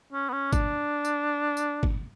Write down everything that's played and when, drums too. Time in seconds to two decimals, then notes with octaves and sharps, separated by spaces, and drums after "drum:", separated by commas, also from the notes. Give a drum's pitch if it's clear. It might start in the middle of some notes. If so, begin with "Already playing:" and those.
0.13 C#4
0.29 B3
0.33 C#4
0.53 D4, drum: kick G1, tambourine
1.05 drum: tambourine
1.57 drum: tambourine
1.83 drum: kick G1